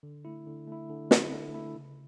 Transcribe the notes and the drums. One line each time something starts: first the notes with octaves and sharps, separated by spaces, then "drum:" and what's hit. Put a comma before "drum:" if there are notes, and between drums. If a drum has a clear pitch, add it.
D3
A3 E4
D3
A3 E4
D3
A3 E4, drum: snare
D3
A3 E4
C#3